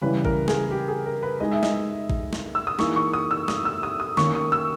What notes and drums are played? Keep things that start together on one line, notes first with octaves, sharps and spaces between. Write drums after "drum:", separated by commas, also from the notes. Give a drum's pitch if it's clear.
C#3 E3 G3 B4
A#4, drum: kick
G#4, drum: snare
G4
G#4
A#4
B4
G#3 D#4 G#4 D#5
E5
D#5, drum: snare
drum: kick
drum: snare
E6
D#6
E3 A#3 D#4 G#4 C#6, drum: snare
C#6
D#6
E6
D#6, drum: snare
E6
D#6
D#6
D#3 A#3 C#4 C#6, drum: snare
D#6
E6